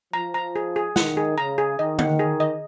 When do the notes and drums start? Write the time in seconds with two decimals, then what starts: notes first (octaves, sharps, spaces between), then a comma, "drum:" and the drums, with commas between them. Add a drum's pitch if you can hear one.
0.13 F3 A#5
0.34 A#5
0.56 G#4
0.76 G#4
0.96 D#3 F#5, drum: snare
1.17 G#4
1.37 C#3 A#5
1.58 G#4
1.78 D#3 D#5
1.99 F#5, drum: tom D3
2.19 G#4
2.40 D#5